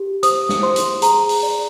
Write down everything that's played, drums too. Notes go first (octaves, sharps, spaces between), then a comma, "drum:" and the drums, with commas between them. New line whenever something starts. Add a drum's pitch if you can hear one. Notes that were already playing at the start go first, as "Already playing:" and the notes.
Already playing: G4
C5 D#6, drum: hi-hat
drum: snare
C5 C6
drum: hi-hat
G#4 A#5, drum: hi-hat
drum: open hi-hat
D5